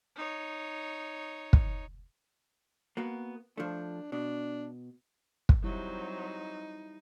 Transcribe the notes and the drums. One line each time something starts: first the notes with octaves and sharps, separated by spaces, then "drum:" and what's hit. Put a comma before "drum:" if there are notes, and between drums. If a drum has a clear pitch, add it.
D#4 C#5
drum: kick
A#3 B3 F#4
F3 A3 D4
B2 D4
drum: kick
F#3 G3 C4 D#4 E4